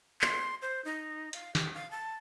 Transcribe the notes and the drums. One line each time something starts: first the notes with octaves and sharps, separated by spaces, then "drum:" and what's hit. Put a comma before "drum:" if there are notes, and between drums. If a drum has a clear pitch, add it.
C6, drum: clap
C5
D#4
F5, drum: hi-hat
G4, drum: snare
F5
A5